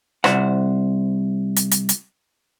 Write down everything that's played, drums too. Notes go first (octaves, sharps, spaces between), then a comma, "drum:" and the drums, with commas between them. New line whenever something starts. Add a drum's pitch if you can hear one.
C2 C5 F#5, drum: rim click
drum: hi-hat
drum: hi-hat
drum: hi-hat